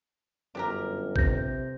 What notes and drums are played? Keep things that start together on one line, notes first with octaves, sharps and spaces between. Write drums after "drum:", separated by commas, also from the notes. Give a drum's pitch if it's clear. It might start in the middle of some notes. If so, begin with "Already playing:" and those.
G1 F#2 D4 G4 A#4
C3 G6 A#6, drum: kick A1